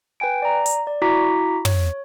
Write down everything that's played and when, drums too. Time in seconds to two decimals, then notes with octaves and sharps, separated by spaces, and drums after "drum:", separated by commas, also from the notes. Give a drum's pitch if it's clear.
0.20 B4 G5 G#5 D7
0.42 D5 A#5
0.66 drum: hi-hat
0.87 D5
1.02 E4 F#4 A#5 D6 B6
1.65 C#5, drum: tom